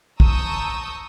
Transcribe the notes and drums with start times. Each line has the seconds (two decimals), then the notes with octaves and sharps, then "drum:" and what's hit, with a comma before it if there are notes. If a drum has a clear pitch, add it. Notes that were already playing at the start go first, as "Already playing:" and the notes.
0.20 A5 A#5 C#6 D#6 E6 G6, drum: kick